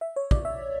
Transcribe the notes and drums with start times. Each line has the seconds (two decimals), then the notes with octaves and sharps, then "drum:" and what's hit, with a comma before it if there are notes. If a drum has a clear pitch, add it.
0.01 E5
0.16 C#5
0.31 D5, drum: kick
0.45 E5